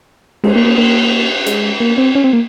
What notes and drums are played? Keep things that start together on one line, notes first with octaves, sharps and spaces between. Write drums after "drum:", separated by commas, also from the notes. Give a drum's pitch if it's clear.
G#3, drum: cymbal
A#3
A#3
A#3
G#3, drum: hi-hat
A#3
C4
C#4
C4
A#3